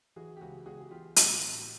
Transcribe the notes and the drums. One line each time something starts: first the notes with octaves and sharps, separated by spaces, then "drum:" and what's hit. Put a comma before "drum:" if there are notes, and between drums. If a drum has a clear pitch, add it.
E3 F#4 G#4
G4
C#2 F#4 G#4
C#2 F#4 G#4
G#4
E3 F4 G4
A2, drum: hi-hat
A2